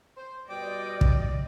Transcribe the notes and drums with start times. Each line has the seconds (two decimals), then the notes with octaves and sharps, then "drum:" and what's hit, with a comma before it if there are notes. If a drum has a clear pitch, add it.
0.17 C5
0.49 B2 G3 D5 D#5 G5 D6
1.01 drum: kick